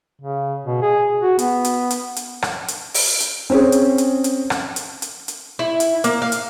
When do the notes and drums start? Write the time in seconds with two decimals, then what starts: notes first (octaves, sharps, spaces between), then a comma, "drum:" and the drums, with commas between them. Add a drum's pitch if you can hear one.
0.22 C#3
0.65 B2
0.82 G#4
1.21 F#4
1.39 B3, drum: hi-hat
1.65 drum: hi-hat
1.91 drum: hi-hat
2.16 drum: hi-hat
2.42 drum: rim click
2.68 drum: hi-hat
2.94 drum: open hi-hat
3.20 drum: hi-hat
3.50 C4 C#4 G#4
3.72 drum: hi-hat
3.98 drum: hi-hat
4.24 drum: hi-hat
4.50 drum: rim click
4.76 drum: hi-hat
5.02 drum: hi-hat
5.28 drum: hi-hat
5.59 E4
5.80 drum: hi-hat
6.04 A#3, drum: hi-hat
6.22 F5
6.32 drum: hi-hat